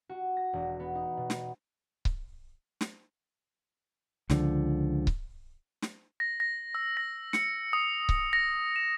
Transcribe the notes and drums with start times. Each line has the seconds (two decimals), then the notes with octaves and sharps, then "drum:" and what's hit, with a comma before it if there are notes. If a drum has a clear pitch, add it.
0.09 F#4
0.37 A#6
0.53 E1
0.80 B3
0.95 D#4
1.17 B2
1.30 drum: snare
2.05 drum: kick C#1
2.81 drum: snare
4.30 C#2 D3 F3, drum: snare
5.07 drum: kick C#1
5.82 drum: snare
6.20 A#6
6.40 A#6
6.75 E6
6.97 A#6
7.33 C#7, drum: snare
7.73 D#6
8.09 drum: kick C#1
8.33 A#6
8.76 E7